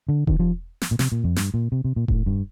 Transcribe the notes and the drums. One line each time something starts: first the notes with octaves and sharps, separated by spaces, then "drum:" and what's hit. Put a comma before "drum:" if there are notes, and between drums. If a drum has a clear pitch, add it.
D3
D#3, drum: kick E1
F3
drum: snare
A#2
C3, drum: snare
A#2
F2
G2, drum: snare
A#2
C3
C3
A#2
A2, drum: kick E1
G2